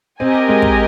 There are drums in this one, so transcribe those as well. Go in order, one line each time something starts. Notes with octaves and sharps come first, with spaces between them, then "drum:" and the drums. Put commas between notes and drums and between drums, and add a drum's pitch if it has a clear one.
C4 G4 A#4 D#5 G#5
G#3
drum: kick